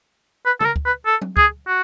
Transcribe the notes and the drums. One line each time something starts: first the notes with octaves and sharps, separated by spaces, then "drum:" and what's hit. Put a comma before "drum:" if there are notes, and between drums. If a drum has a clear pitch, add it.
B4
A4, drum: tom
A#4
drum: kick
B4
A4
drum: tom F#3
G#4, drum: kick
F#4